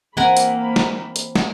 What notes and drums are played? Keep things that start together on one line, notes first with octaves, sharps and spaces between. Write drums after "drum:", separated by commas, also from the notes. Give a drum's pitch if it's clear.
E3 A#3 C4 A#4 F#5 G#5 B5
drum: hi-hat
drum: snare
drum: hi-hat
drum: snare